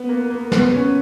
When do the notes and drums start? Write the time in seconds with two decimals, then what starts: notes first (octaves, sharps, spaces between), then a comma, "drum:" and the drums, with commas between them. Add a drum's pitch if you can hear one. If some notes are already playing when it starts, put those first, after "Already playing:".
Already playing: B3
0.09 A#3
0.30 A#3
0.52 B3, drum: snare
0.73 C#4